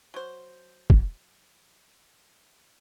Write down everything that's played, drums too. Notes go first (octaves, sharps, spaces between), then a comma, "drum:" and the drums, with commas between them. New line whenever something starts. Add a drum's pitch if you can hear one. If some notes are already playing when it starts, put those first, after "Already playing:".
F#3 C5
drum: kick